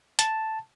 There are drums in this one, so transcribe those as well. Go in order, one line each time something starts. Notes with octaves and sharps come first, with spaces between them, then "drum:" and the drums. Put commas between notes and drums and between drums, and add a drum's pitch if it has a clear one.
A5, drum: hi-hat